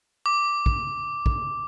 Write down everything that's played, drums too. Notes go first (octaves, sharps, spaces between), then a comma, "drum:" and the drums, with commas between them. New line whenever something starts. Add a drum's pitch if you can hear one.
D6
drum: kick
drum: kick